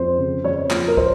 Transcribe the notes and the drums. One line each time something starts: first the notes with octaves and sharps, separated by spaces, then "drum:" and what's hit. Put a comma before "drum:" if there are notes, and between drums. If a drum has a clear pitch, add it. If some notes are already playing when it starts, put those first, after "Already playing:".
Already playing: F2 C5
C#3
F2 C#5
F3, drum: clap
A#4
C5, drum: kick